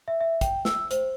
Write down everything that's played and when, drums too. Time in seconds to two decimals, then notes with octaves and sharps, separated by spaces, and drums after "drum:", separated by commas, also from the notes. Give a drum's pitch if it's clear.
0.08 E5
0.21 E5
0.41 G5, drum: kick, hi-hat
0.65 E6, drum: snare
0.91 C5, drum: hi-hat